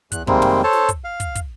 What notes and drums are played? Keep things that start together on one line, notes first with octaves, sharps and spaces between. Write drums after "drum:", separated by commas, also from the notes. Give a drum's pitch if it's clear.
E2 F#6, drum: kick, hi-hat
C3 D#3 G3 G#3 A#3 C4, drum: kick
drum: tom
A4 C5 C#5 A5
drum: snare
drum: kick, hi-hat
F5
drum: kick, hi-hat
drum: kick, hi-hat